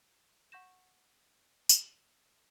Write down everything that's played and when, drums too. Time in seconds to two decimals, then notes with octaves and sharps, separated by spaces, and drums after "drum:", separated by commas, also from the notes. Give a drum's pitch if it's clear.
0.52 F#5 C#6 G6 A#6 E7
1.69 drum: tambourine